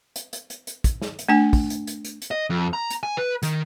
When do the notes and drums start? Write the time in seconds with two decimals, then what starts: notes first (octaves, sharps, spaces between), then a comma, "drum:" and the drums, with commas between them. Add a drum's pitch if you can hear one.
0.16 drum: hi-hat
0.33 drum: hi-hat
0.50 drum: hi-hat
0.67 drum: hi-hat
0.84 drum: kick, hi-hat
1.02 drum: snare
1.19 drum: hi-hat
1.29 A3 D4 G#5
1.53 drum: kick, open hi-hat
1.70 drum: hi-hat
1.87 drum: hi-hat
2.05 drum: hi-hat
2.22 drum: hi-hat
2.31 D#5
2.50 F2
2.73 A#5
2.90 drum: hi-hat
3.03 G#5
3.17 B4
3.43 D#3, drum: hi-hat